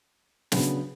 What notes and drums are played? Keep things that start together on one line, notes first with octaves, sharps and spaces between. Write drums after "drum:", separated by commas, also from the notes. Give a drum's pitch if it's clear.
C#3 F#3 B3 D4, drum: snare